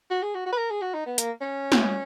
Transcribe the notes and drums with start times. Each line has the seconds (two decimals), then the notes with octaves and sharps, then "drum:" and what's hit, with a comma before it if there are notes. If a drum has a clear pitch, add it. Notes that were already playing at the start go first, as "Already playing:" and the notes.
0.10 F#4
0.22 G#4
0.35 F#4
0.46 F#4
0.52 B4
0.57 A#4
0.70 G#4
0.81 F#4
0.94 D#4
1.06 B3
1.18 A#3, drum: hi-hat
1.41 C#4
1.72 drum: snare